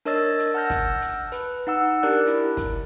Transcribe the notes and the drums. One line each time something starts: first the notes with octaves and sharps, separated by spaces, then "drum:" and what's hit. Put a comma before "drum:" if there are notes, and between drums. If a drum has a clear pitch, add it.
D4 A#4 C#5 D#5 E6 A6, drum: hi-hat
drum: hi-hat
F#5 A5 E6 F6 G6 A#6
drum: kick, hi-hat
drum: hi-hat
B4, drum: hi-hat
D#4 F#5 E6
D4 G4 A#4 D5 F#6
E4, drum: hi-hat
drum: kick, hi-hat